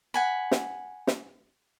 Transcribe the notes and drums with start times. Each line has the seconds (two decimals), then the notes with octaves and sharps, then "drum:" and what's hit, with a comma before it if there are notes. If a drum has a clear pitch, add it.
0.14 F#5 G#5 B5
0.51 drum: snare
1.07 drum: snare